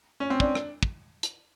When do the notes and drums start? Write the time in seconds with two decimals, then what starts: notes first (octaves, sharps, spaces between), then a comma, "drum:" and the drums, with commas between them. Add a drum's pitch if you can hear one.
0.20 C#4
0.30 C4
0.40 D4, drum: kick
0.55 drum: rim click
0.83 drum: kick
1.23 drum: hi-hat